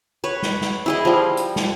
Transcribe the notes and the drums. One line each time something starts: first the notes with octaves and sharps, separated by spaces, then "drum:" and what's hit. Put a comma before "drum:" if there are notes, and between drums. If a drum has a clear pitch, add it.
B4 C#5
drum: snare
drum: snare
E4 G#4 D#5
F3 G3
drum: hi-hat
drum: snare